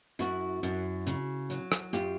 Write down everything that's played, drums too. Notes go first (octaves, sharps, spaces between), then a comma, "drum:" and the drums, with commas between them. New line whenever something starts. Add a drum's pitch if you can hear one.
F#2 E4 F#4, drum: hi-hat
F#2, drum: hi-hat
C#3, drum: hi-hat
F#3, drum: hi-hat
drum: rim click
F#2 F4 G4, drum: hi-hat